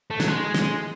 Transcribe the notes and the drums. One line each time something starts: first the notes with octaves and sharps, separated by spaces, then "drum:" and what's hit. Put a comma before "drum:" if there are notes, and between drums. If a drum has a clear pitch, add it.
A3
F#3, drum: snare
G#3
drum: snare